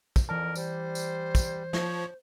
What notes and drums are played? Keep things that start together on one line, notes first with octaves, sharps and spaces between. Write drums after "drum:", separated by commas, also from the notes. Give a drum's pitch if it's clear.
drum: kick, tambourine
F2 E3 A#4 D5 A5
G3 C5, drum: tambourine
drum: tambourine
drum: kick, tambourine
F3 C#5, drum: snare